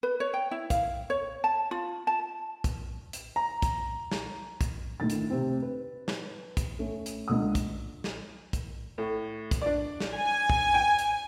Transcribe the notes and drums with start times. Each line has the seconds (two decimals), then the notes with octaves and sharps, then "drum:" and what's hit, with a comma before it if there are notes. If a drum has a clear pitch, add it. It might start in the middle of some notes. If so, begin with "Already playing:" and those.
0.03 B4
0.20 C#5
0.34 G5
0.51 E4
0.70 F5, drum: kick, hi-hat
1.10 C#5
1.44 A5
1.71 F4
2.07 A5
2.64 drum: kick, hi-hat
3.13 drum: hi-hat
3.36 A#5
3.62 drum: kick, hi-hat
4.12 drum: snare
4.61 drum: kick, hi-hat
5.00 D2 A2 D#3 A6
5.10 drum: hi-hat
5.30 C3 C4
5.62 B4
6.08 drum: snare
6.57 drum: kick, hi-hat
6.79 A3 C#4
7.06 drum: hi-hat
7.28 C#2 D3 D#6
7.55 drum: kick, hi-hat
8.04 drum: snare
8.53 drum: kick, hi-hat
8.98 A2
9.51 drum: kick, hi-hat
9.61 D4 D5
10.00 drum: snare
10.14 G#5
10.50 drum: kick
10.74 G5
10.99 drum: hi-hat